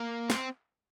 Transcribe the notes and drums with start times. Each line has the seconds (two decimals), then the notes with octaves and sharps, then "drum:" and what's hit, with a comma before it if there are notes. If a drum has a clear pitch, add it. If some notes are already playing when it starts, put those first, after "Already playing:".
Already playing: A#3
0.30 C4, drum: snare